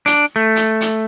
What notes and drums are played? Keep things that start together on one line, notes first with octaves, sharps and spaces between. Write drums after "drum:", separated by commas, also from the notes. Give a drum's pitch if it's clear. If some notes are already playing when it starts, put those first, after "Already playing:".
D4, drum: hi-hat
A3
drum: hi-hat
drum: hi-hat